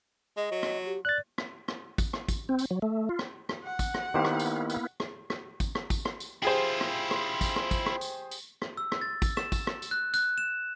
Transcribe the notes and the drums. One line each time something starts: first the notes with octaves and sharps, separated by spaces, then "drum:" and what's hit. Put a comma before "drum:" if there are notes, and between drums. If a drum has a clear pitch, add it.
G#3 D#5
F#3
drum: rim click
G4
D5 F#6 A6
drum: rim click
drum: rim click
drum: kick, tambourine
drum: rim click
drum: kick, tambourine
C4
drum: tambourine
F#3
A3
F4
drum: rim click
drum: rim click
F#5
drum: kick, tambourine
drum: rim click
D#3 A#3 B3 E4 G4 C5
drum: rim click
drum: tambourine
drum: tambourine
drum: rim click
drum: rim click
drum: kick, tambourine
drum: rim click
drum: kick, tambourine
drum: rim click
drum: tambourine
E4 F4 G4 G#4 C5
drum: rim click
drum: rim click
drum: kick, tambourine
drum: rim click
drum: kick, tambourine
drum: rim click
drum: tambourine
drum: tambourine
drum: rim click
E6
drum: rim click
A6
drum: kick, tambourine
E7, drum: rim click
drum: kick, tambourine
drum: rim click
drum: tambourine
F#6
F#6, drum: tambourine
E7